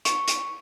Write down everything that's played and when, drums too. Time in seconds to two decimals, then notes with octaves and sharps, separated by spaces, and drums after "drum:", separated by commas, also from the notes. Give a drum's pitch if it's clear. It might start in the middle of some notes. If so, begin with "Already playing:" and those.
0.05 C#6, drum: hi-hat
0.28 drum: hi-hat